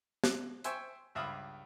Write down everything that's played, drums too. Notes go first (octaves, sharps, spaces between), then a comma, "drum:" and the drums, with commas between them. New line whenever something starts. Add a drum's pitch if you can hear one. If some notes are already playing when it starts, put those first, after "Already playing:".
F#6, drum: snare
C5 E5 G5 G#5 C#6, drum: hi-hat
C#2 G2 E5 F5 B5 D#6